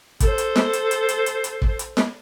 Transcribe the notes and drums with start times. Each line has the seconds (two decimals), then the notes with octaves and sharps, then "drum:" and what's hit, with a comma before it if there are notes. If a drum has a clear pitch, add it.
0.20 A4 C5, drum: kick, hi-hat
0.38 drum: hi-hat
0.56 drum: snare
0.73 drum: hi-hat
0.91 drum: hi-hat
1.09 drum: hi-hat
1.26 drum: hi-hat
1.44 drum: hi-hat
1.62 drum: kick
1.79 drum: hi-hat
1.97 drum: snare